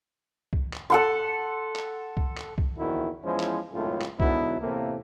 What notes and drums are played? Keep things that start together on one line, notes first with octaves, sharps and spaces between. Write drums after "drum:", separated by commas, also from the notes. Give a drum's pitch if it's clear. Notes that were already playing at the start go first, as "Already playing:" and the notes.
drum: kick C2
drum: clap
A4 F#5 C6
drum: clap
drum: kick C2
drum: clap
drum: kick C2
A#1 E2 D#3 F3 E4 F#4
E2 F3 G#3 C#4 E4 C5
drum: clap
G#1 C#2 F#2 A2 A3 F4
drum: clap
G#2 B2 D3 F#3 B3 E4, drum: kick C2
E2 A2 C3 A3 A#3